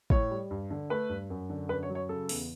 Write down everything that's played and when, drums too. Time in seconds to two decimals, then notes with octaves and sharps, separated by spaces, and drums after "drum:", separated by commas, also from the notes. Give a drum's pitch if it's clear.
0.10 A2 C#5, drum: kick
0.31 G3
0.51 G2
0.70 D3
0.90 A3 B4
1.09 G2
1.30 F#2
1.50 D3
1.69 F#2 B4
1.83 C#5
1.89 F#3
1.95 C#5
2.09 C#3 A4
2.29 E2, drum: open hi-hat